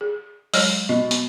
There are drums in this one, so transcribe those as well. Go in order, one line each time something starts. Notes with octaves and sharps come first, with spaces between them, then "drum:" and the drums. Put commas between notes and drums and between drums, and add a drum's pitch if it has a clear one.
G#4
F#3 G#3 C#5, drum: open hi-hat
B2 D#5
drum: hi-hat